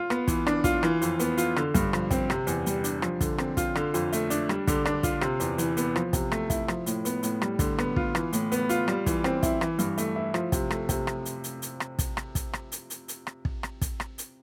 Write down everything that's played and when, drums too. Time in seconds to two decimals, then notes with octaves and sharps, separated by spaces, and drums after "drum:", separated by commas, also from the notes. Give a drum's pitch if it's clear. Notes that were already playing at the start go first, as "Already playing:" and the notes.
Already playing: F4
0.10 B3, drum: rim click
0.28 E3, drum: kick, hi-hat
0.47 D4, drum: rim click
0.64 F4, drum: kick, hi-hat
0.83 E3, drum: rim click
1.02 F2, drum: hi-hat
1.19 B3, drum: hi-hat
1.38 F4, drum: hi-hat
1.56 D3, drum: rim click
1.74 G2, drum: kick, hi-hat
1.93 F3, drum: rim click
2.11 C4, drum: kick, hi-hat
2.30 C3, drum: rim click
2.47 E2, drum: hi-hat
2.66 G3, drum: hi-hat
2.84 D4, drum: hi-hat
3.02 F3, drum: rim click
3.21 D3, drum: kick, hi-hat
3.38 C4, drum: rim click
3.57 F4, drum: kick, hi-hat
3.75 D3, drum: rim click
3.94 F2, drum: hi-hat
4.13 A3, drum: hi-hat
4.30 D4, drum: hi-hat
4.49 G3, drum: rim click
4.67 D3, drum: kick, hi-hat
4.85 D4, drum: rim click
5.03 F4, drum: kick, hi-hat
5.21 C3, drum: rim click
5.40 E2, drum: hi-hat
5.58 E3, drum: hi-hat
5.77 B3, drum: hi-hat
5.96 F3, drum: rim click
6.13 C3, drum: kick, hi-hat
6.32 A3, drum: rim click
6.50 E4, drum: kick, hi-hat
6.68 F3, drum: rim click
6.86 A2, drum: hi-hat
7.05 B3, drum: hi-hat
7.23 A2, drum: hi-hat
7.42 G3, drum: rim click
7.59 D3, drum: kick, hi-hat
7.78 B3, drum: rim click
7.96 F4, drum: kick
8.15 E3, drum: rim click
8.33 A2, drum: hi-hat
8.52 B3, drum: hi-hat
8.69 F4, drum: hi-hat
8.88 G3, drum: rim click
9.06 E3, drum: kick, hi-hat
9.24 C4, drum: rim click
9.43 E4, drum: kick, hi-hat
9.61 E3, drum: rim click
9.79 G2, drum: hi-hat
9.98 A3, drum: hi-hat
10.16 E4
10.34 F3, drum: rim click
10.52 C3, drum: kick, hi-hat
10.70 A3, drum: rim click
10.89 C3, drum: kick, hi-hat
11.07 drum: rim click
11.25 drum: hi-hat
11.44 drum: hi-hat
11.62 drum: hi-hat
11.80 drum: rim click
11.99 drum: kick, hi-hat
12.17 drum: rim click
12.35 drum: kick, hi-hat
12.53 drum: rim click
12.72 drum: hi-hat
12.90 drum: hi-hat
13.08 drum: hi-hat
13.27 drum: rim click
13.45 drum: kick
13.63 drum: rim click
13.81 drum: kick, hi-hat
14.00 drum: rim click
14.18 drum: hi-hat